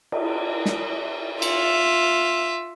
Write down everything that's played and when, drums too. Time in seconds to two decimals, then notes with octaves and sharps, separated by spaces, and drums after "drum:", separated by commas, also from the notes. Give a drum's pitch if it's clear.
0.12 drum: cymbal
0.66 drum: snare
1.42 F4 E5, drum: cymbal